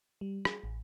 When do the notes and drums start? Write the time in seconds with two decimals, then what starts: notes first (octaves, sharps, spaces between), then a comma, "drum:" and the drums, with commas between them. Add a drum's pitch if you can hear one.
0.21 G3
0.45 G#4, drum: rim click
0.64 A1